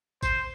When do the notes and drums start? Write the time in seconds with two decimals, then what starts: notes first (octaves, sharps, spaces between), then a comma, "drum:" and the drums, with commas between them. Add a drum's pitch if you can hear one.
0.23 C5, drum: kick A1, tambourine